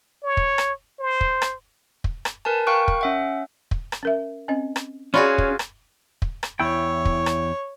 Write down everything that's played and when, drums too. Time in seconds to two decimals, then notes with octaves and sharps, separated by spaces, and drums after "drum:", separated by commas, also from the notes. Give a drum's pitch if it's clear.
0.23 C#5
0.37 drum: kick
0.58 drum: rim click
1.00 C5
1.21 drum: kick
1.42 drum: rim click
2.04 drum: kick
2.25 drum: rim click
2.45 A#4 B4 G#5 A5
2.67 A#4 F5 G5 C#6 F#6
2.88 drum: kick
3.01 C#4 E5 F#5
3.71 drum: kick
3.92 drum: rim click
4.03 C#4 A#4 E5
4.48 C4 C#4 D#5
4.76 drum: rim click
5.14 C#4 F4 F#4 G#4 D5 B5 C#6
5.38 drum: kick
5.59 drum: rim click
6.22 drum: kick
6.43 drum: rim click
6.60 E2 E4 C#5 G5
7.05 drum: kick
7.26 drum: rim click